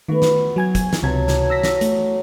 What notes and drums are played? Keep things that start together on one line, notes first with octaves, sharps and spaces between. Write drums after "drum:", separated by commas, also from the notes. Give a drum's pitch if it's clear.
D#3 A3 B3 F#4
drum: snare
F#3 G#5 G#6
drum: kick, hi-hat
drum: snare
C#2 C3 F#3 A5 G#6
drum: snare
E6 A#6 B6
drum: snare
A3, drum: hi-hat